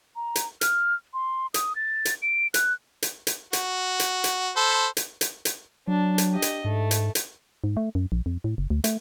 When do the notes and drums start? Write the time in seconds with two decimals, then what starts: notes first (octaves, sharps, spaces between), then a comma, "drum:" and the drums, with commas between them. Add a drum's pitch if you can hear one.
0.16 A#5
0.35 drum: hi-hat
0.61 F6, drum: hi-hat
1.14 C6
1.54 D#6, drum: hi-hat
1.76 A6
2.05 drum: hi-hat
2.22 D7
2.54 F#6, drum: hi-hat
3.02 drum: hi-hat
3.27 drum: hi-hat
3.53 F#4, drum: hi-hat
4.00 drum: hi-hat
4.24 drum: hi-hat
4.56 A4 C5 B5
4.97 drum: hi-hat
5.21 drum: hi-hat
5.45 drum: hi-hat
5.87 F#3 D4
6.18 drum: hi-hat
6.31 G4 D#5
6.42 drum: hi-hat
6.64 G#2 A3
6.91 drum: hi-hat
7.15 drum: hi-hat
7.64 G#2
7.77 A3
7.95 F#2
8.12 A#1
8.26 F2
8.44 A2
8.58 F#1
8.70 D2
8.84 A3, drum: hi-hat